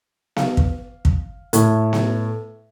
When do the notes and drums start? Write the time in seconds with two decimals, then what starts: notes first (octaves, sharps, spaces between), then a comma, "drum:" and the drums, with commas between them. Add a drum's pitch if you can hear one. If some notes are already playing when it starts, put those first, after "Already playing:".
0.36 F5, drum: snare B3
0.57 drum: kick
1.05 drum: kick
1.53 A2, drum: hi-hat
1.93 drum: snare B3